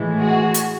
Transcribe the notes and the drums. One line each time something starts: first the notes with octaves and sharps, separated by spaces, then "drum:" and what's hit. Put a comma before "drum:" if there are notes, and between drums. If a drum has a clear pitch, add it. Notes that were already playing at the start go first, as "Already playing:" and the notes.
Already playing: A2 E3 G#3
F#4 G#4
drum: hi-hat